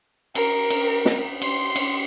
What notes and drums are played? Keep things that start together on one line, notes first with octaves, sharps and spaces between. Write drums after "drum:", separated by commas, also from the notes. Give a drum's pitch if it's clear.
A#4, drum: cymbal
drum: cymbal
drum: snare
C6, drum: cymbal
drum: cymbal